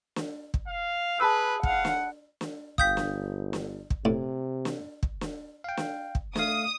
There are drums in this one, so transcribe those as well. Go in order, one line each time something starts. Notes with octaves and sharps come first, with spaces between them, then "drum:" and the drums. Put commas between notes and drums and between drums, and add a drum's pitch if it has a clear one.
drum: snare
drum: kick
F5
G#4 B4 A5 B5 E6
F5 F#5, drum: kick
drum: snare
drum: snare
G1 F5 G5 D#6 G6 B6, drum: kick
drum: snare
drum: snare
drum: kick
A2 C3
drum: snare
drum: kick
drum: snare
F5 G5
drum: snare
drum: kick
A3 F5 D#6, drum: snare